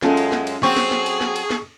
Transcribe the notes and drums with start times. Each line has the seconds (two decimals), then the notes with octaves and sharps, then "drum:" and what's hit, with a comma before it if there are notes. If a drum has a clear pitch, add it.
0.02 F#2 G#3 C#4 F4 A4, drum: snare
0.17 drum: cymbal
0.32 drum: snare
0.47 drum: cymbal
0.63 F#3 C4 G#4 C#6, drum: snare
0.76 drum: snare
0.91 drum: snare
1.06 drum: cymbal
1.21 drum: snare
1.36 drum: cymbal
1.51 drum: snare